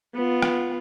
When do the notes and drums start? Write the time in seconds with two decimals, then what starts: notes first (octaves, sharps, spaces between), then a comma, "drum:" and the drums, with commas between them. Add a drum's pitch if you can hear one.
0.15 B3 F4
0.42 drum: rim click